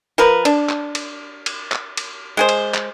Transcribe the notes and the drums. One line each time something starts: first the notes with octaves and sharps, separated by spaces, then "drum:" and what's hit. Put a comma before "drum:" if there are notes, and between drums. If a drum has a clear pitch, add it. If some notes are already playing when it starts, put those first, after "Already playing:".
F3 A#4 B4
D4, drum: cymbal
drum: clap
drum: cymbal
drum: cymbal
drum: clap
drum: cymbal
G#3 G#4 C5
drum: cymbal
drum: clap